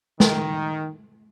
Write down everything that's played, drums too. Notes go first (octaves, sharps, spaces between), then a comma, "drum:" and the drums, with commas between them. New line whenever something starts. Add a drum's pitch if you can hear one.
D#3, drum: snare